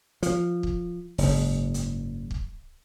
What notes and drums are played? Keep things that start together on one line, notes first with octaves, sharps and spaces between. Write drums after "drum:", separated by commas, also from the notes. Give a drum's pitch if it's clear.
F3, drum: hi-hat
drum: kick
F#1 G#2, drum: open hi-hat
drum: hi-hat
drum: kick